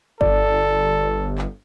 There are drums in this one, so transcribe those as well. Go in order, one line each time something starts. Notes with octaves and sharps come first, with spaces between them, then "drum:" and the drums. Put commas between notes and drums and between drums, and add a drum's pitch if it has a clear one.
G1 A4 D5, drum: kick G1
drum: clap